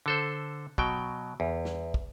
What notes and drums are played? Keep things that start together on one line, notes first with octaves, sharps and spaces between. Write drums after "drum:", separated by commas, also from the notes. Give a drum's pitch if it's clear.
D3 A4 C5
B2 F#3 G5, drum: kick
E2
drum: snare
drum: kick